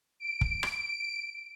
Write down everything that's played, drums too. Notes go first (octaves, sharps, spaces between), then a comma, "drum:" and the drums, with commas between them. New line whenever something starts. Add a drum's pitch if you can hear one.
D7
drum: kick
drum: rim click